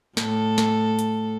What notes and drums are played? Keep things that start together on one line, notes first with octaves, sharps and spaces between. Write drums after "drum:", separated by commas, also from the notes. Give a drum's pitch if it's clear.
A2 A4, drum: snare
drum: snare
drum: hi-hat